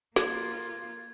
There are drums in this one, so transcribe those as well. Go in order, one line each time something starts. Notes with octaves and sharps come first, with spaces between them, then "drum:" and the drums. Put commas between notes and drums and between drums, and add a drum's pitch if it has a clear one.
A#3 F4 G#6, drum: snare